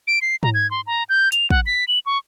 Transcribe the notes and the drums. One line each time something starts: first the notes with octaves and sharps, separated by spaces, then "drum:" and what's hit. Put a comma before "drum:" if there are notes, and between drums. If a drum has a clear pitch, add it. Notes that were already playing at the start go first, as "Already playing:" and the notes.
D7
C7
A#5, drum: tom G#2
G#6
C6
A#5
G6
F7, drum: hi-hat
F#5, drum: kick
B6
F#7
C#6